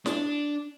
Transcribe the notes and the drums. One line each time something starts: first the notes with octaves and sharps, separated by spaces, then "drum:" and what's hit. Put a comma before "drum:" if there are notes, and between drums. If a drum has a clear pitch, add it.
D4, drum: snare